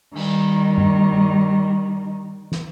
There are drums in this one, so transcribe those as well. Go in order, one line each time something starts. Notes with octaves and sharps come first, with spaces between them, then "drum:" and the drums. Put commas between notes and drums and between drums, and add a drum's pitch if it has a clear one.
D#3 G3, drum: cymbal
drum: tom G2
drum: snare